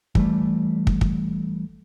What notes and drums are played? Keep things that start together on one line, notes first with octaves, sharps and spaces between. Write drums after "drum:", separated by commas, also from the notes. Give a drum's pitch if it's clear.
E3 G3 A3, drum: kick
drum: kick
drum: kick